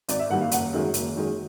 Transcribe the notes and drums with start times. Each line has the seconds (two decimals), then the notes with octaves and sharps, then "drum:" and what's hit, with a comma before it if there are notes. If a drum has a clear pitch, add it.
0.09 G#1 D5, drum: hi-hat
0.19 E5
0.30 G2 D#3 G3 A#3 F#5
0.41 F5
0.51 F#1 F#5, drum: hi-hat
0.73 F#2 D#3 G#3
0.94 F#1, drum: hi-hat
1.15 F#2 D#3 G#3